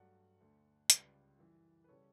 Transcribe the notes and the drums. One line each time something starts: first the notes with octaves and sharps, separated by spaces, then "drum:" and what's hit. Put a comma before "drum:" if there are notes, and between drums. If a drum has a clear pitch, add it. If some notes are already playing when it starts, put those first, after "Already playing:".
Already playing: G2 F#3 A3 D5 F#5
D2 D3 A3
C#2 C#3 G3 B4 D5, drum: hi-hat
F#2 E3 G3
B4
C#3 G3 A4 C#5